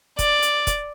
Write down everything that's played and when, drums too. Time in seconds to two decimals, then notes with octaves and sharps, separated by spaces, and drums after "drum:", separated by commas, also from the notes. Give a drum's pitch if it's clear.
0.19 D5, drum: kick, hi-hat
0.43 drum: hi-hat
0.67 drum: kick, hi-hat